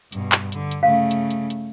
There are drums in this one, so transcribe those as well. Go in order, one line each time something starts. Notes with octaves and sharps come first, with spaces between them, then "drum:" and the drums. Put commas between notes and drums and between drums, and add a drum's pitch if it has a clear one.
G2 B2, drum: hi-hat
drum: clap
D3, drum: hi-hat
drum: hi-hat
C#3 A3 F5
drum: hi-hat
drum: hi-hat
drum: hi-hat